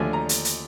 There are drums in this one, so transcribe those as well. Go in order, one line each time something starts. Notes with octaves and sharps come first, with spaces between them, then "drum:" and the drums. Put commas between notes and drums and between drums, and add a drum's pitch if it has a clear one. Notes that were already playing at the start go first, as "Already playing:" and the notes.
Already playing: D#2 D3 F3 A3 G#5
A#5
drum: hi-hat
drum: hi-hat